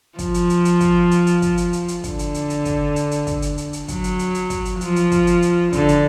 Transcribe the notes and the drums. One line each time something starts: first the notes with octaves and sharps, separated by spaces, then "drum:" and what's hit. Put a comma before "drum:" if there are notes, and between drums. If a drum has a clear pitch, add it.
F3, drum: kick, hi-hat
drum: hi-hat
drum: hi-hat
drum: hi-hat
drum: kick, hi-hat
drum: hi-hat
drum: hi-hat
drum: kick, hi-hat
drum: hi-hat
drum: hi-hat
drum: hi-hat
D3, drum: kick, hi-hat
drum: hi-hat
drum: hi-hat
drum: hi-hat
drum: kick, hi-hat
drum: hi-hat
drum: hi-hat
drum: kick, hi-hat
drum: hi-hat
drum: hi-hat
drum: hi-hat
F#3, drum: kick, hi-hat
drum: hi-hat
drum: hi-hat
drum: hi-hat
drum: kick, hi-hat
drum: hi-hat
F3, drum: hi-hat
drum: hi-hat
drum: kick, hi-hat
drum: hi-hat
drum: hi-hat
D3, drum: kick, hi-hat
drum: hi-hat